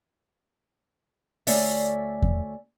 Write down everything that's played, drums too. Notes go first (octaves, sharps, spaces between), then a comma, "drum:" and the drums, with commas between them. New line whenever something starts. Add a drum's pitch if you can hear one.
D2 A3 C#4 D5 E5, drum: open hi-hat
drum: kick E2